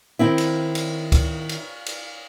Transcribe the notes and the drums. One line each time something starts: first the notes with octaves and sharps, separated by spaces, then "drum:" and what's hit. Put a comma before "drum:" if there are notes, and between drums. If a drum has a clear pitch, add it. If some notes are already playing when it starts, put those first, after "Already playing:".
D#3 C4 E4
drum: cymbal
drum: cymbal
drum: kick, cymbal
drum: cymbal
drum: cymbal